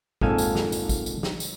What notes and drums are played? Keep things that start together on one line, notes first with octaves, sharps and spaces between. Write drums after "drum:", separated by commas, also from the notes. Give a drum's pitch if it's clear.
A#1 F2 G#2 A4 F5 G#5, drum: kick A1
drum: tambourine
drum: snare
drum: tambourine
drum: kick A1, tambourine
drum: tambourine
drum: snare
drum: tambourine